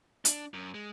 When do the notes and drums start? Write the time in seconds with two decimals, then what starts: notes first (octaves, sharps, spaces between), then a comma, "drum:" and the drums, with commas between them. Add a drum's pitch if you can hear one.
0.25 D4, drum: hi-hat
0.54 F#2
0.74 G#3